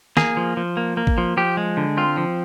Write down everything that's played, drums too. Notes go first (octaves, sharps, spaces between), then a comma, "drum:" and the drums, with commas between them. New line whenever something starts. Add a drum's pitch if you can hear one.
A#3 G#4, drum: snare
F3
F3
A#3
A#3
drum: kick G#1
F3
F3 G4
G#3
D3
C4 F4
F3